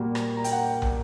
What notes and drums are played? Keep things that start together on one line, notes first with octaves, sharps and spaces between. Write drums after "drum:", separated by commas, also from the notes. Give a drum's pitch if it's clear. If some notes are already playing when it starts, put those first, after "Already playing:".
Already playing: A#2 G3 A#3 F#4
drum: rim click
A#5
G5, drum: hi-hat
F#5
drum: tom